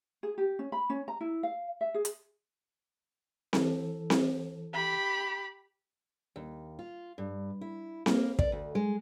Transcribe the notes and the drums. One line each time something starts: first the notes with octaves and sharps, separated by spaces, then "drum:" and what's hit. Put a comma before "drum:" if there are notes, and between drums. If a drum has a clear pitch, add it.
G#4
G4
C#4
B5
C#4
A#5
E4
F5
E5
G#4
drum: hi-hat
E3 A4, drum: snare C4
drum: snare C4
G4 B5
D#2
F4
G2
E4
A#3, drum: snare C4
D5, drum: kick
D2
G#3